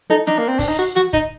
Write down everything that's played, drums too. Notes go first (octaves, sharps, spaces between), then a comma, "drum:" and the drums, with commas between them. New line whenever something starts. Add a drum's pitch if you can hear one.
D#4 A4
D4 D#4, drum: snare
A#3
C4
D4, drum: kick, open hi-hat
D#4
F#4, drum: hi-hat
F#4, drum: snare
D#4, drum: kick, hi-hat